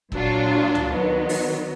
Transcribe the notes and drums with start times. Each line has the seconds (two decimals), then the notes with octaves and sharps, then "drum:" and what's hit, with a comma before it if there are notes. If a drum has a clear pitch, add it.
0.12 A#2 F#3 D4 F4, drum: kick
0.75 drum: tom C#2
0.90 D#3 F#3 B3
1.29 drum: open hi-hat